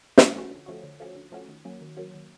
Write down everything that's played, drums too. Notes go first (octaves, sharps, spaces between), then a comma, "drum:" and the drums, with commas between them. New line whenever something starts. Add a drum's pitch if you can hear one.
D3, drum: snare
F3 A3 C#4 F#4
D3
F3 A3 C#4 F#4
D3
F3 A3 C#4 F#4
D3
F3 A3 C#4 F#4
D#3
F#3 A#3 C#4 F#4
D#3
F#3 A#3 C#4 F#4
D#3